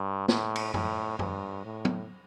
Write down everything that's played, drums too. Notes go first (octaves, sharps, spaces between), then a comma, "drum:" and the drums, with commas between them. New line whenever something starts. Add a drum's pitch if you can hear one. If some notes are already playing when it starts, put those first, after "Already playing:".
Already playing: G2
A2, drum: snare
drum: cymbal
A2, drum: tom F#2
G2, drum: tom F#2
A2
drum: tom